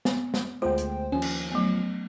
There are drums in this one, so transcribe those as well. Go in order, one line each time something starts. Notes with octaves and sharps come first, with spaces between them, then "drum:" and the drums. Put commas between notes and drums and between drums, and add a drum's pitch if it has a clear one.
B3, drum: snare
drum: snare
D2 G#3 F4 C5 G5
drum: hi-hat
D#2 F3 C#4 G#5
drum: cymbal
F#3 A3 B3